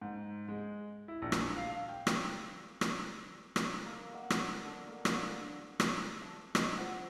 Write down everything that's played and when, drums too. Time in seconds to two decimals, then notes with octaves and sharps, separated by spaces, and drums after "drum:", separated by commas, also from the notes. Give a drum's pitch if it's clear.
0.01 G#2
0.49 G#3
1.08 E4
1.22 A#1
1.32 drum: rim click
1.57 F5
1.89 G5
2.07 drum: rim click
2.81 drum: rim click
3.56 drum: rim click
3.86 A#3
4.14 F#5
4.30 drum: rim click
4.64 D3
4.87 A#3
5.05 drum: rim click
5.80 drum: rim click
6.22 A5
6.55 D#5, drum: rim click
6.77 F4 C5 F#5